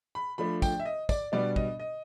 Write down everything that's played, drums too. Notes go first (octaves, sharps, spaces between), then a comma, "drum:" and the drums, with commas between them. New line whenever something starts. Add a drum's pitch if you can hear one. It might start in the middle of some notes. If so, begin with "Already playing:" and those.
B5
F3 A3 D4 B5
G5, drum: kick, tambourine
E5
D#5
D5, drum: kick, tambourine
B2 G3 B3 D4 D5
D#5, drum: kick
D#5